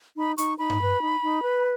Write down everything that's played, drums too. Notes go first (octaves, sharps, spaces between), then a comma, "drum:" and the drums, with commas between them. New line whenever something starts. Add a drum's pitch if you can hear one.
D#4 B5
D#4 C#6, drum: hi-hat
D#4 B5
drum: tom G2
B4
D#4
D#4
B4